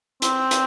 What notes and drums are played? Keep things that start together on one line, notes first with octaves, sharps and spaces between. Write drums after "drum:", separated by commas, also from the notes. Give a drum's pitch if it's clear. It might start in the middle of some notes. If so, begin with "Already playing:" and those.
C4, drum: hi-hat
drum: hi-hat